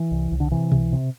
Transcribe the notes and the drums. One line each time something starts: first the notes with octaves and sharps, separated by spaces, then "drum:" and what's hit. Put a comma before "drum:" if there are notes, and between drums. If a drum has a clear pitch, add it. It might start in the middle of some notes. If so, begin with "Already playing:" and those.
Already playing: E3
C2
C2
D3
C3 E3
C2, drum: tom B2
C3